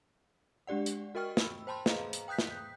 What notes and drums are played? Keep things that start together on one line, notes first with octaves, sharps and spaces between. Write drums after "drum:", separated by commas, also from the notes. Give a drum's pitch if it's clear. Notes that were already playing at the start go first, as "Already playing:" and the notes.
G#3 D4 G4 D5 F#5
drum: hi-hat
F#4 A#4 D#5 G5 C#6 F6
B5 E6, drum: snare
C5 G5 A5 B5 C6
G#4 B4 C5 D#5 F5 A#5, drum: snare
drum: hi-hat
G5 D#6 F#6 G6 B6
drum: snare